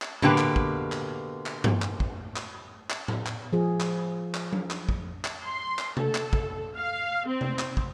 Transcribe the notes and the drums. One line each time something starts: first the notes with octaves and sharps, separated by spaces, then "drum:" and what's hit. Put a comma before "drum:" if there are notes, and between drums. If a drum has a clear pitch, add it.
drum: clap
B2 D3 A#3 G4 B4, drum: tom
drum: clap
drum: kick
drum: clap
drum: clap
drum: tom G2
drum: clap
drum: kick
drum: clap
drum: clap
drum: tom
drum: clap
F3 G#4
drum: clap
drum: clap
drum: tom F#3
drum: clap
drum: kick
drum: clap
C6
drum: clap
A4, drum: tom C3
drum: clap
drum: kick
F5
C4
drum: tom C3
drum: clap
drum: kick